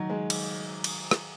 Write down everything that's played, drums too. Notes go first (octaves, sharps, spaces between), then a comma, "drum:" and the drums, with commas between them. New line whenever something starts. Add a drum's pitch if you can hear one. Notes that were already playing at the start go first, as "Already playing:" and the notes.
Already playing: D#3 F#3
G#3
drum: cymbal
drum: cymbal
drum: rim click